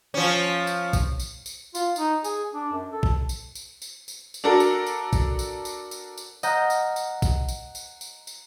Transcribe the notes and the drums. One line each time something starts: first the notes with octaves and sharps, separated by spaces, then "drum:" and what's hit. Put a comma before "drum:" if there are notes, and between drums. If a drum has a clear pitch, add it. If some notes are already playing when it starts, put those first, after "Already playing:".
F3 C#4
drum: tambourine
drum: kick, tambourine
drum: tambourine
drum: tambourine
F4, drum: tambourine
D#4, drum: tambourine
G#4, drum: tambourine
D4
F#2
A4
drum: kick
drum: tambourine
drum: tambourine
drum: tambourine
drum: tambourine
drum: tambourine
D4 F#4 A4 A#4
drum: tambourine
drum: tambourine
drum: kick, tambourine
drum: tambourine
drum: tambourine
drum: tambourine
drum: tambourine
D#5 F#5 A#5 F6 G6, drum: tambourine
drum: tambourine
drum: tambourine
drum: kick, tambourine
drum: tambourine
drum: tambourine
drum: tambourine
drum: tambourine